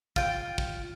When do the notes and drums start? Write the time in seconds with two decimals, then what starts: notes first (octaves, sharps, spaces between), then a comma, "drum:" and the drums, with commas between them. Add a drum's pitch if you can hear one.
0.16 F4 G5, drum: kick
0.58 drum: kick